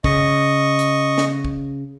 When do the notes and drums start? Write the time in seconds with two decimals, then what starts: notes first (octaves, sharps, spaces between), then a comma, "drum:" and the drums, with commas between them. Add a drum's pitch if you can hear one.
0.04 C#3 D#5 C#6, drum: kick
0.19 drum: tom G2
0.79 drum: hi-hat
1.18 drum: snare
1.45 drum: kick